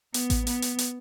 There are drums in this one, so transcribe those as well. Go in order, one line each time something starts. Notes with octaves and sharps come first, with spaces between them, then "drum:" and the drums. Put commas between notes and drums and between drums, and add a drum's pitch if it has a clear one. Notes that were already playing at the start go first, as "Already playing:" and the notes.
B3, drum: hi-hat
drum: kick A1, hi-hat
B3, drum: hi-hat
drum: hi-hat
drum: hi-hat